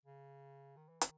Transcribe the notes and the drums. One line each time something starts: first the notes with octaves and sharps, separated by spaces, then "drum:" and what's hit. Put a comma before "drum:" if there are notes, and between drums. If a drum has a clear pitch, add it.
C#3
D#3
E3
D#3, drum: hi-hat